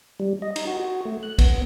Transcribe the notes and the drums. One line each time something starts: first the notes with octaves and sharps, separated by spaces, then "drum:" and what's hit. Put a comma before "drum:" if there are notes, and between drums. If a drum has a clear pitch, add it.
G3
D#5
D#4, drum: cymbal
F#4
F#4
A3
F#6
B3, drum: kick B1, cymbal